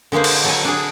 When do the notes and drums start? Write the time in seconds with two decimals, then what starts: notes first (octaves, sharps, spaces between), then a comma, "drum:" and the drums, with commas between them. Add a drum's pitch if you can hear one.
0.12 D3 G#3 A#3 B4 C5
0.24 drum: cymbal
0.44 F#3 A4 G#5
0.64 D4 G#4